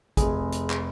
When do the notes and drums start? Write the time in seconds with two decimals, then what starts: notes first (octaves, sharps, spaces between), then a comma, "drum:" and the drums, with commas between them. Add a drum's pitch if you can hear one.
0.17 F1 G#4, drum: kick, hi-hat
0.52 drum: hi-hat
0.70 drum: clap